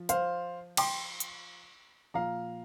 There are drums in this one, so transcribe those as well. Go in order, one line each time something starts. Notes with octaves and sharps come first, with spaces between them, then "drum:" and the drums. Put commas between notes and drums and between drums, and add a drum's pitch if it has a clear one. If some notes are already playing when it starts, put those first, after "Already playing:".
Already playing: F3
C5 F5, drum: hi-hat
G5 C6, drum: cymbal
drum: hi-hat
A#2 F3 F5 A#5